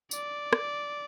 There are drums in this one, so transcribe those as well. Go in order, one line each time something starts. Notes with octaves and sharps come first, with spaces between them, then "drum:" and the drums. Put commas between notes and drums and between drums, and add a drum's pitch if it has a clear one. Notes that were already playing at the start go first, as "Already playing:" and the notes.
D5, drum: tambourine
drum: rim click